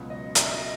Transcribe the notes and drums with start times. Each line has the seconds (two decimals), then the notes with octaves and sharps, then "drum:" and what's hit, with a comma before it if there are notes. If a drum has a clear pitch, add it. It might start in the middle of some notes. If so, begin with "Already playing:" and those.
Already playing: C#2 B2 F#3 B3
0.10 D#5
0.35 E5, drum: hi-hat
0.51 D#5